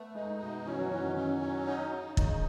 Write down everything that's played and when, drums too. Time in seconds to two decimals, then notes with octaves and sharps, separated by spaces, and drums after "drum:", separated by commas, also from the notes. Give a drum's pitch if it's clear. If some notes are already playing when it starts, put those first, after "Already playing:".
Already playing: A3 B3
0.15 G#3 D#4
0.40 B2
0.66 E3 C#4
0.79 F#3
0.90 E3 F#3
1.04 D#3
1.16 C#3 C#4
1.41 F#3
1.67 D#4
1.93 C#3
2.17 D#3 D#4, drum: kick